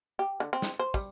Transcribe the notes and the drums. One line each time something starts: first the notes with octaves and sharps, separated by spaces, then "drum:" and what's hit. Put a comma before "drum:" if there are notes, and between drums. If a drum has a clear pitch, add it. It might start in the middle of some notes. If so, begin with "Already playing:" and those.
G4
D3
C4
drum: snare
C5
G3, drum: kick, tambourine